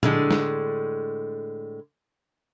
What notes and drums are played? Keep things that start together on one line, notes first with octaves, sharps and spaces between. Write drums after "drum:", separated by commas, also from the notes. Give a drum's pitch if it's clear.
A2 D3 G#3, drum: tom A#2
drum: snare